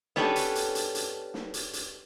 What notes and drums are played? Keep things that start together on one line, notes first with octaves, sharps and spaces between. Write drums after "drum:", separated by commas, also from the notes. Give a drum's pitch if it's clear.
B3 C#4 D4 G4 A4, drum: snare
drum: hi-hat
drum: hi-hat
drum: hi-hat
drum: hi-hat
drum: snare
drum: hi-hat
drum: hi-hat